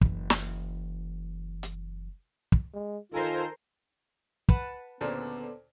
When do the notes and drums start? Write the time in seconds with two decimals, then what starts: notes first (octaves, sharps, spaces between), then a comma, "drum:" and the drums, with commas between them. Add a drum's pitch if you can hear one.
0.01 F#1 E3, drum: kick
0.30 drum: snare
1.63 drum: hi-hat
2.52 drum: kick
2.74 G#3
3.12 D#3 F4 A4 A#4 C5 G#5 A#5
4.49 B4 F#5 A5, drum: kick
5.01 D2 A#2 C#3 B3 A4 C5 D5